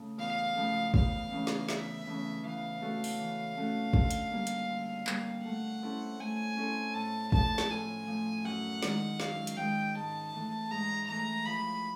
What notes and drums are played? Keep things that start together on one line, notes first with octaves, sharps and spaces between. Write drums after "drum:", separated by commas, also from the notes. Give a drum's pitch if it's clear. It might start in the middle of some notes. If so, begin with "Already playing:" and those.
Already playing: C#3 A3
E2 F5
C#3 F3 A3
E2 F5, drum: kick
C#3 E3 A3 C#4
drum: snare
E2 E5, drum: snare
C#3 E3 A3 C#4
E3 F5
A3 C#4 F#4 A4
drum: open hi-hat
E3
A3 C#4 F#4 A4
D3, drum: kick
drum: hi-hat
G3 A#3
drum: hi-hat
D3
G3 A#3, drum: clap
A3 F#5
C#4 E4 A4 C5
A3 G#5
C#4 E4 A4 C5
A2 A5
F3 A3 A5, drum: kick
drum: snare
A2 G#5
F3 A3
F#2 F#5
D#3 G#3, drum: snare
F#2 F5, drum: snare
drum: hi-hat
D#3 G#3 G5
G#2 A5
E3 A3
G#2 A#5
E3 A3 A#5
F3 B5